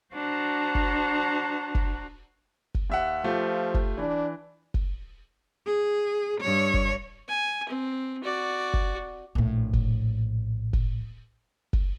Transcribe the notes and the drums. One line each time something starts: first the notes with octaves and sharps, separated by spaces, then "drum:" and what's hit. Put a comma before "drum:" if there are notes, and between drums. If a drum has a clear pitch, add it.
D4 F#4 C5 F#5 A5 A#5
drum: kick
drum: kick
drum: kick
D#2 E5 F#5
F3 A3 F4 G4
drum: kick
E3 D4
drum: kick
G#4
G2 C#5
drum: kick
G#5
C4
F#4 D5
drum: kick
A#1 A2
drum: kick
drum: kick
drum: kick